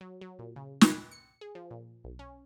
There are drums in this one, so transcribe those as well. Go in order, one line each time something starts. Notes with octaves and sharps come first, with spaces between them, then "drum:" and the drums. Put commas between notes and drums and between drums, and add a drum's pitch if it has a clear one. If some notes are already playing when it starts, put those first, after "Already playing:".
F#3
F#3
A#2
C#3
A#2, drum: snare
C#7
G#4
F3
A#2
B1
C#4